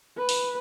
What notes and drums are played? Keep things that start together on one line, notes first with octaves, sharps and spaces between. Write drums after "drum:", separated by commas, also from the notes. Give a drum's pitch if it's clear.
B4
drum: open hi-hat